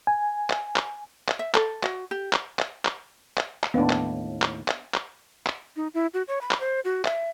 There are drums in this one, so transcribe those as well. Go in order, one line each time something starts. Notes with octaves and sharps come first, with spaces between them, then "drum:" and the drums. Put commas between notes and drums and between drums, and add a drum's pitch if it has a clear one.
G#5
drum: clap
drum: clap
drum: clap
E5
A4, drum: clap
F#4, drum: clap
G4
drum: clap
drum: clap
drum: clap
drum: clap
drum: clap
D#2 A2 B3 D4
drum: clap
drum: clap
drum: clap
drum: clap
drum: clap
D#4
E4
F#4
C#5
B5
drum: clap
C5
F#4
E5, drum: clap